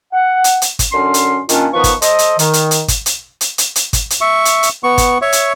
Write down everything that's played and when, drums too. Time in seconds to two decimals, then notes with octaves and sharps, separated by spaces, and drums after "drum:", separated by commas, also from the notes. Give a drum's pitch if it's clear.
0.13 F#5
0.44 drum: hi-hat
0.62 drum: hi-hat
0.79 drum: kick, hi-hat
0.92 F#2 D3 C#4 C6
1.14 drum: hi-hat
1.49 A#2 D#3 C#4 D4 F4, drum: hi-hat
1.74 D#3 F3 B3 B4 C#6
1.84 drum: kick, hi-hat
2.02 A4 C5 D#5, drum: hi-hat
2.19 drum: hi-hat
2.39 D#3, drum: hi-hat
2.53 drum: hi-hat
2.71 drum: hi-hat
2.88 drum: kick, hi-hat
3.06 drum: hi-hat
3.41 drum: hi-hat
3.58 drum: hi-hat
3.76 drum: hi-hat
3.93 drum: kick, hi-hat
4.10 drum: hi-hat
4.21 E5 C#6
4.45 drum: hi-hat
4.63 drum: hi-hat
4.83 B3 C#6
4.98 drum: kick, hi-hat
5.22 C#5 E5 C#6
5.32 drum: hi-hat